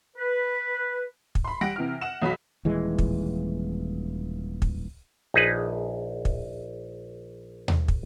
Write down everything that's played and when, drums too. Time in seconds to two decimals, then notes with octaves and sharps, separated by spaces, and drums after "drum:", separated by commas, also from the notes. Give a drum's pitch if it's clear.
0.16 B4
1.35 drum: kick
1.44 B5 C6
1.61 G3 F#5 A#6 D7
1.76 C3 E3 F6
2.01 F#5 E7
2.22 B1 F#3 B5 B6
2.65 D#1 E3 G#3
2.98 drum: kick
4.62 drum: kick
5.34 A#1 D#4 G#4 B4
6.25 drum: kick
7.68 drum: tom D#2
7.88 drum: kick